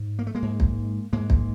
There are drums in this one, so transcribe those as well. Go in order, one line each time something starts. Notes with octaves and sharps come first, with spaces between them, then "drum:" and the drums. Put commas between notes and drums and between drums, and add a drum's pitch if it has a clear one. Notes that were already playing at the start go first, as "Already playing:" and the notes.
Already playing: G#2
A#3
A3
G#3 A#3
G#2
drum: kick
G#2 G#3 A#3
drum: kick